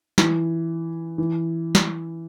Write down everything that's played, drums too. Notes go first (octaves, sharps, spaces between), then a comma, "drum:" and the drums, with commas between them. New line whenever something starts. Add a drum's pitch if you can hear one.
E3, drum: snare
E3
drum: snare